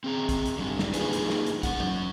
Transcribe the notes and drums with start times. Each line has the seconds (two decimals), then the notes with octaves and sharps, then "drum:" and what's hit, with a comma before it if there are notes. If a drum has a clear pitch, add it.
0.04 C4 G#4 A#5
0.29 drum: kick, hi-hat
0.46 drum: hi-hat
0.58 D3 G3 D4
0.79 drum: snare
0.94 A#3 D#4 F4 G#4 B4, drum: hi-hat
1.13 drum: hi-hat
1.30 drum: snare
1.46 drum: hi-hat
1.63 C#4 F#5, drum: kick, hi-hat
1.80 drum: tom F#3